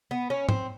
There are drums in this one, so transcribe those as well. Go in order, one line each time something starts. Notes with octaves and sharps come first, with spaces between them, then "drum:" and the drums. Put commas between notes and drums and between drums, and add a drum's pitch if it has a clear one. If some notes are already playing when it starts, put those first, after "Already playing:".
B3
C#4
C4, drum: tom